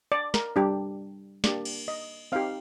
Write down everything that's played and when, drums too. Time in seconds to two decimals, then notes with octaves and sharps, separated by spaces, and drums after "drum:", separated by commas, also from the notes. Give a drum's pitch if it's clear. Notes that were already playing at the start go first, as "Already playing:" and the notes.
0.12 D5
0.34 A#4, drum: snare
0.56 G3 D4 G4
1.44 A#3 D4 G4 D5, drum: snare
1.65 drum: cymbal
1.88 D#5
2.32 C4 D#4 G4 F5